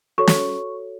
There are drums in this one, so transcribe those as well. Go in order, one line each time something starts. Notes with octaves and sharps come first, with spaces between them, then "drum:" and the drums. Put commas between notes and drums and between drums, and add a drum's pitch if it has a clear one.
F#4 A4 C#5 C#6
drum: snare